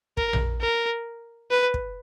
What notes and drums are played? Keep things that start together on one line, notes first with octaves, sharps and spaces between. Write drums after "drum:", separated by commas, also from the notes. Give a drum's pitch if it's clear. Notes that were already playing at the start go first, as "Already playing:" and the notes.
A#4, drum: kick
drum: tom A#1
A#4
B4
drum: kick